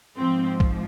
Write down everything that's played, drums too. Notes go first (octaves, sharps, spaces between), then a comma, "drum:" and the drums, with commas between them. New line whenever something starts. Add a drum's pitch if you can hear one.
G#2 F3 C4
drum: kick A#1